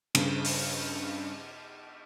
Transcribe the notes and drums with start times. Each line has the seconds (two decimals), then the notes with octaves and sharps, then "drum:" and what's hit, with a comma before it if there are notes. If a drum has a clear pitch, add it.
0.15 G2 C#3, drum: cymbal
0.44 drum: open hi-hat